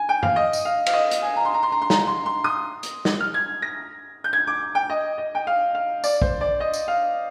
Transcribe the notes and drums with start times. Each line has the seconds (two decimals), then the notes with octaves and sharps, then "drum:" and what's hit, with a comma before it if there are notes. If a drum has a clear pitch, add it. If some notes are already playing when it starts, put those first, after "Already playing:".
Already playing: G#5
0.09 G5
0.23 F5, drum: tom
0.36 D#5
0.53 drum: tambourine
0.65 F5
0.86 F5, drum: cymbal
0.93 D#5
1.11 drum: hi-hat
1.22 G#5
1.36 A#5
1.45 C6
1.54 A#5
1.63 C6
1.72 A#5
1.82 C6
1.90 A#5, drum: snare
2.07 C6
2.26 C6
2.44 D#6
2.83 drum: hi-hat
3.05 drum: snare
3.20 F6
3.34 G#6
3.62 A#6
4.24 G6
4.33 G#6
4.47 D6
4.75 G5
4.90 D#5
5.18 D#5
5.35 G5
5.47 F5
5.75 F5
6.04 D5, drum: tambourine
6.22 C5, drum: kick
6.41 D5
6.60 D#5
6.73 drum: tambourine
6.88 F5